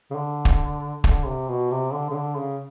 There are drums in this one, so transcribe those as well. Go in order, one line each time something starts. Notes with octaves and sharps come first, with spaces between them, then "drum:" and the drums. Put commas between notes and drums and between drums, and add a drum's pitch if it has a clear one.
C#3
D3
drum: kick
D3, drum: kick
C3
B2
C3
D3
C#3
D3
C#3